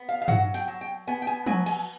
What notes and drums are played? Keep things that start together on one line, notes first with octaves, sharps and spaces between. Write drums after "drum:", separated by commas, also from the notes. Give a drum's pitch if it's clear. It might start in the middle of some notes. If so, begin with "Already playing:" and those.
Already playing: B3
F5
F5
F#3 F#5, drum: tom G2
G5, drum: open hi-hat
F#3
G5
B3 G#5
G5
G#5
F#3 G#5, drum: tom F3
G#5, drum: cymbal